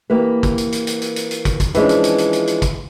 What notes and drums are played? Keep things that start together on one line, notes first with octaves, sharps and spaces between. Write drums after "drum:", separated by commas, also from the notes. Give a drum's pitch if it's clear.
E3 A#3 G4 B4
drum: kick, hi-hat
drum: hi-hat
drum: hi-hat
drum: hi-hat
drum: hi-hat
drum: hi-hat
drum: hi-hat
drum: kick, hi-hat
drum: kick, hi-hat
E3 F3 G#3 C#4 D4, drum: hi-hat
drum: hi-hat
drum: hi-hat
drum: hi-hat
drum: hi-hat
drum: hi-hat
drum: kick, hi-hat